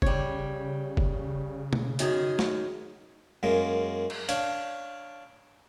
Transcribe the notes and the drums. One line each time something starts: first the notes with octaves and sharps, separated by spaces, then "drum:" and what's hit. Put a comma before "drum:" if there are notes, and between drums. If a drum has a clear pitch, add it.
C#3 G3 C#5, drum: kick F#1
drum: kick F#1
drum: tom B2
F#2 D#3 G#4, drum: hi-hat
drum: snare
F#2 G#3 A#3
drum: cymbal
D4 C#5 F5, drum: hi-hat